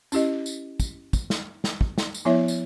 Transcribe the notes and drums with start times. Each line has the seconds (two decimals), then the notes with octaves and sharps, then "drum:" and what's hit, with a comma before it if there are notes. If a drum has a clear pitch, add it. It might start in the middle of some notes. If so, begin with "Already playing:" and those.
0.12 C#4 E4 G4 D#5, drum: tambourine
0.46 drum: tambourine
0.80 drum: kick, tambourine
1.13 drum: kick, tambourine
1.30 drum: snare
1.64 drum: snare
1.81 drum: kick
1.98 drum: snare
2.14 drum: tambourine
2.25 F3 B3 E4 C#5 E5
2.48 drum: tambourine